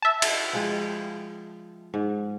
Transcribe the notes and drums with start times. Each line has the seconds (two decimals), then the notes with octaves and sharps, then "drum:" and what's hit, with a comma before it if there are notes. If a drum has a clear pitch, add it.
0.02 E5 A5
0.22 drum: cymbal
0.53 F3 G#3 G5
1.94 G#2